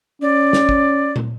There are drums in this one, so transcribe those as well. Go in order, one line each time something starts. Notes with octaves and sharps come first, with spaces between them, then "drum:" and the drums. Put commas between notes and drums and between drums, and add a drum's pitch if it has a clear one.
C#4 D5
drum: snare
drum: kick
drum: tom A#2